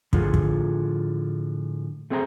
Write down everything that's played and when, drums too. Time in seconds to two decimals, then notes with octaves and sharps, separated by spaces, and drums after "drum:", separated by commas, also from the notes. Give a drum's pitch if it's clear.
0.13 A2 D3 F3 F4 G#4, drum: kick
0.34 drum: kick
2.10 A3 C4 G#4 C5 F5 A#5